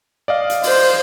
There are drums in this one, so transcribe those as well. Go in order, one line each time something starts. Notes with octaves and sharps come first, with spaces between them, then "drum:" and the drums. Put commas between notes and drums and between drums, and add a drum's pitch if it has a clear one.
D5 D#5 F5
drum: hi-hat
C5, drum: open hi-hat